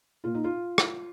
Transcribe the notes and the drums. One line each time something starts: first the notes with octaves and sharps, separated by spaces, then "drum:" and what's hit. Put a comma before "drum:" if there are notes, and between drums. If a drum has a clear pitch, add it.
A#2 F4
D#4
F4
drum: rim click